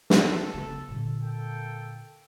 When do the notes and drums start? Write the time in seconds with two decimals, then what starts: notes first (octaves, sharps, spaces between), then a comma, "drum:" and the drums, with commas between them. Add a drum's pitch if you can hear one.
0.10 A4, drum: snare
0.54 C#3 B3
0.89 A#2 D3
1.21 A#3 A4 G5